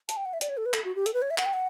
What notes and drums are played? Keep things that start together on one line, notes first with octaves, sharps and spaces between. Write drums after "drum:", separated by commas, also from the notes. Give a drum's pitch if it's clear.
A5, drum: hi-hat
G5
F#5
E5
D5, drum: hi-hat
C#5
A4
B4
A4, drum: clap
F#4
G4
A4, drum: hi-hat
B4
C#5
E5
F#5, drum: clap
G5
F#5